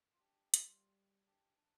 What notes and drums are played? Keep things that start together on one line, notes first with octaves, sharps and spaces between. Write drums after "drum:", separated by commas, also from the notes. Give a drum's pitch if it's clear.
F4
D4 G4
D4, drum: hi-hat
G3 F4
D4 G4
D4